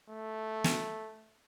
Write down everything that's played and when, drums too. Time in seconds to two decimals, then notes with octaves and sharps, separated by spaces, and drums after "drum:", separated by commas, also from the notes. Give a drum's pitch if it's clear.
0.10 A3
0.64 drum: snare